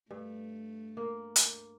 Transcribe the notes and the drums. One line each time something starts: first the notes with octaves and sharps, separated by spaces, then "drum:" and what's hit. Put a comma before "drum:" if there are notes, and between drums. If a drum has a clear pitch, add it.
G2 A3
A#3
drum: hi-hat